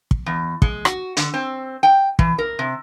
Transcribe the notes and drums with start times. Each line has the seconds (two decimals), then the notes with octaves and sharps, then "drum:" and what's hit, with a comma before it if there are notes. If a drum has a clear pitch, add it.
0.11 drum: kick
0.26 E2
0.62 G#3, drum: kick
0.85 F#4, drum: rim click
1.17 D3, drum: hi-hat
1.34 C4
1.83 G5
2.19 E3, drum: kick
2.38 A#4
2.59 C3